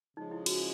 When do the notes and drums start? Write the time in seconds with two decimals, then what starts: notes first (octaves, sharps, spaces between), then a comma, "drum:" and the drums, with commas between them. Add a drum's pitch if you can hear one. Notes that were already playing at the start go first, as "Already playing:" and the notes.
0.17 C#3 F3 G#3 C#4 D#4
0.31 E4
0.46 F#4, drum: cymbal